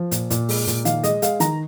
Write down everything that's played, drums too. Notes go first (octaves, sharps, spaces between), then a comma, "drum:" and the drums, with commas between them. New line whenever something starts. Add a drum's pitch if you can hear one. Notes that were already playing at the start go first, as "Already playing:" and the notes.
Already playing: F3
A#2, drum: hi-hat
A#2, drum: hi-hat
G#3, drum: open hi-hat
A#2, drum: hi-hat
D#3 F5, drum: hi-hat
G#3 D#5, drum: hi-hat
G#3 F5, drum: hi-hat
D#3 A#5, drum: hi-hat